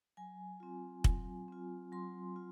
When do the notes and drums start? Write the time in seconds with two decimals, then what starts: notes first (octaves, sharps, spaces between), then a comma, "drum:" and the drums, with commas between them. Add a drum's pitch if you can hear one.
0.17 F#3 G#5
0.60 C4 F4
1.04 F#3, drum: kick
1.48 C4 F4
1.92 F#3 C6
2.36 F4